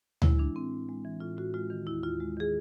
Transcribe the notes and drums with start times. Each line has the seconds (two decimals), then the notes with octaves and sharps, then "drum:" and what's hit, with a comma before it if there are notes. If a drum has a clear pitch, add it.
0.22 G#3 E4, drum: tom D2
0.38 E3 D4
0.55 A2 C4
0.71 A2
0.89 G#3
1.05 E3
1.20 A2 F4
1.37 A2 F#4
1.54 G#3 F4
1.70 D#3
1.86 D#2 E4
2.03 D#2 F4
2.20 G#3
2.37 D#3 G#4